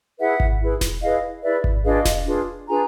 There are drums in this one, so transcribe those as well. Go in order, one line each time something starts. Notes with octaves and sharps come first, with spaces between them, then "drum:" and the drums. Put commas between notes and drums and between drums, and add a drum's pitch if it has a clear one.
E4 G#4 B4 E5 F#5
drum: kick G#1
E4 G#4 B4
drum: snare E1
E4 G#4 B4 D#5 F5
E4 G#4 B4 D5 E5
drum: kick G#1
D4 F4 G#4 B4 D#5 F5
drum: snare E1
D4 F4 G#4 B4
D4 F4 G#4 B4 G#5 A#5